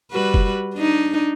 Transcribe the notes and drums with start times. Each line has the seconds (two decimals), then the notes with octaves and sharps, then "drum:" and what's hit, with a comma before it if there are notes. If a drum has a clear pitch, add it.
0.12 G3 F#4 B4
0.34 drum: kick F#1
0.75 D4 D#4